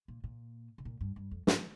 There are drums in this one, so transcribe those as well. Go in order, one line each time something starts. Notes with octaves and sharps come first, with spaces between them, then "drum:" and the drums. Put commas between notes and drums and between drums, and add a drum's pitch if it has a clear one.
A#2
A#2
C3
A#2
G2
G2
F2
G#2, drum: snare